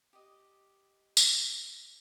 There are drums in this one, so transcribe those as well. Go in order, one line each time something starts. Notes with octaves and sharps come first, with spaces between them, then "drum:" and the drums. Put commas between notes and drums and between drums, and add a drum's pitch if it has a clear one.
G4 D#5
drum: tambourine